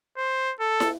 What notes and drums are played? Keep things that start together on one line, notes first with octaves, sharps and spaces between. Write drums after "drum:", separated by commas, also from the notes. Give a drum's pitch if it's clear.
C5
A4
drum: snare